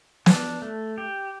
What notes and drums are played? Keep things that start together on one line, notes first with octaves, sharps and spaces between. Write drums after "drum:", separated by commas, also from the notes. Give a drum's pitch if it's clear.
D4, drum: snare
A3
G4